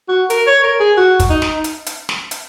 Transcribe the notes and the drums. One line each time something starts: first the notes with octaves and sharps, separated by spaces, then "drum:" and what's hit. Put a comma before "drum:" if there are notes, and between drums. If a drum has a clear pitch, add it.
F#4
A#4, drum: hi-hat
C#5
A#4
G#4
F#4
drum: kick, hi-hat
D#4
drum: snare
drum: hi-hat
drum: hi-hat
drum: snare
drum: hi-hat